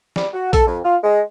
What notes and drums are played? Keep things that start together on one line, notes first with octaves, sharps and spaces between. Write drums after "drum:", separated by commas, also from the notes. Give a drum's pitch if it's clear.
G3, drum: snare
F#4
A4, drum: kick A#1, hi-hat
F2
F4
G#3